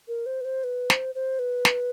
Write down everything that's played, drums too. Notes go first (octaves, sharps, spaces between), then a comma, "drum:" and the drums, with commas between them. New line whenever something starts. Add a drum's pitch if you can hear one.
A#4
C5
B4
C5
B4
C5, drum: snare
C5
B4
drum: snare